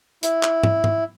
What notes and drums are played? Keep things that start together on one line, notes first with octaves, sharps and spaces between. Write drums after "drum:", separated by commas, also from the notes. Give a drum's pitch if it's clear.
E4, drum: hi-hat
drum: clap
drum: tom
drum: tom